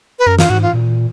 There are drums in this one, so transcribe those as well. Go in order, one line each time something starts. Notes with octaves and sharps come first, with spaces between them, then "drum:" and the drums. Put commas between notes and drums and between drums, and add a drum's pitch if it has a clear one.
B4
F#2 A#4
F4, drum: snare
G#2 F#4
F4
A#2